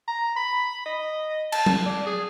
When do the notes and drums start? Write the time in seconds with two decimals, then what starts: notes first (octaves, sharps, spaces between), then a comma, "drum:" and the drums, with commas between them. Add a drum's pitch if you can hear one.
0.08 A#5
0.37 B5
0.86 D#5
1.52 A5, drum: cymbal
1.66 drum: tom F#3
1.86 D5
2.06 G#4